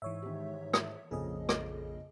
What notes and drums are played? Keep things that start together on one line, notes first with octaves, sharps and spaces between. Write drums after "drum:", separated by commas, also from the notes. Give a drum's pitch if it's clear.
G#2 E3 C#5 E5
D#3 G4
drum: rim click
A#1 F2 C#3 A#3 G#4 A4 D#5
drum: rim click